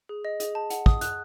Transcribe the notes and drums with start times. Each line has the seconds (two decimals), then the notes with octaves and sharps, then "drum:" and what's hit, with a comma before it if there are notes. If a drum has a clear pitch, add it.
0.09 G#4
0.25 D#5
0.40 G#4, drum: hi-hat
0.55 A5
0.70 F#5, drum: hi-hat
0.86 D#6, drum: kick
1.01 F#6, drum: hi-hat